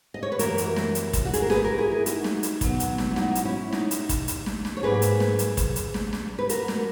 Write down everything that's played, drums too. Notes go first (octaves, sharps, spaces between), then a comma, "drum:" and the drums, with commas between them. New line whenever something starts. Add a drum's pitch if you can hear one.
D#5
C#5
B4
F#2 E3 A#3 F#4 A#4, drum: hi-hat
drum: hi-hat
drum: snare
drum: hi-hat
drum: kick, hi-hat
F#4
G#4, drum: hi-hat
A#4
G#4 B4, drum: snare
F#4 A#4
E4 G#4
E4 G#4
D#4 F#4, drum: hi-hat
drum: snare
drum: hi-hat
B2 F#3 B3, drum: kick, hi-hat
drum: hi-hat
drum: snare
E4
D#4 F#4, drum: snare
drum: hi-hat
C#4 E4
D#4, drum: snare
drum: hi-hat
drum: kick, hi-hat
drum: hi-hat
drum: snare
drum: snare
C#5
G#2 F#3 A#3 G#4 B4
drum: hi-hat
drum: snare
drum: hi-hat
drum: kick, hi-hat
drum: hi-hat
drum: snare
drum: snare
B4
F#4 A#4, drum: hi-hat
drum: snare